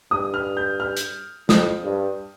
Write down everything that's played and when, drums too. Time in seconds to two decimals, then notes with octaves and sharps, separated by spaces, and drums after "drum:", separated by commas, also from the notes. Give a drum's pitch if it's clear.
0.11 G2 D#6
0.34 F6
0.57 G6
0.80 F6
0.97 drum: hi-hat
1.49 F2 D#6, drum: snare
1.83 G2